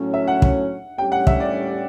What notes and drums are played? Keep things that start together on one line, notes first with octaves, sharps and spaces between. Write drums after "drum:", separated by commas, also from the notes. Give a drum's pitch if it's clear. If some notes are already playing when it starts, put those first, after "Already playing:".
Already playing: A2 F#3 C#4
E5
F#5
drum: kick
A2 G3 C#4 G4 G5
F#5
E5, drum: kick
D5